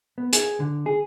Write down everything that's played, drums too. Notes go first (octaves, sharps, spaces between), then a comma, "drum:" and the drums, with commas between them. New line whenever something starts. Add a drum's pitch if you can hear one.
B3
G#4, drum: hi-hat
D3
G#4